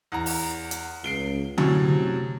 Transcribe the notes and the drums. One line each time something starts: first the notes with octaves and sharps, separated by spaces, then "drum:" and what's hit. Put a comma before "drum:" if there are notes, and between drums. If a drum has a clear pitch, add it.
E2 A#5
drum: open hi-hat
drum: hi-hat
C#2 C7 D7 G7
F#2 A2 C3 F#3, drum: tom D3